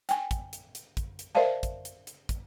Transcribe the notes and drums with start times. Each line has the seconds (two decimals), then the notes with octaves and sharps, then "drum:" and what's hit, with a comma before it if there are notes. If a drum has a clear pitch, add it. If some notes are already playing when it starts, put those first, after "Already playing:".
0.09 G5 G#5, drum: hi-hat
0.31 drum: kick, hi-hat
0.53 drum: hi-hat
0.75 drum: hi-hat
0.97 drum: kick, hi-hat
1.19 drum: hi-hat
1.35 A#4 C5 D5 E5 F5 A5
1.63 drum: kick, hi-hat
1.85 drum: hi-hat
2.07 drum: hi-hat
2.29 drum: kick, hi-hat